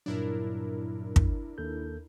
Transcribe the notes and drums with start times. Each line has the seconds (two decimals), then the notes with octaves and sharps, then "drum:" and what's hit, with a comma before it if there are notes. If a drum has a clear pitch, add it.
0.06 G2 A#2 F#3 D4 E4 A#4
1.16 drum: kick
1.58 D#2 A4 G6